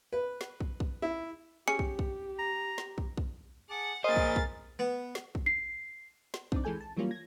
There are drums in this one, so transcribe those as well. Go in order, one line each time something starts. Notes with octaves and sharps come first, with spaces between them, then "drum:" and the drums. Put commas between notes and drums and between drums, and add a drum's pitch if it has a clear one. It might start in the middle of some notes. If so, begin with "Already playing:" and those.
B4
drum: snare
drum: kick
drum: kick
E4
C#4 G4 G#4 C#7
drum: kick
drum: kick
A#5
drum: snare
drum: kick
drum: kick
G#4 F#5 A5 D6
A#3 G#4 A#4 C5 D#5 F5 A6
drum: kick
drum: kick
B3
drum: snare
drum: kick
C7
drum: snare
C4 D4 D#4 D5, drum: kick
E3 G#3 A4 G#5 G6
A5
E3 F#3 G3 A#3 C#4 F4
G#6 A#6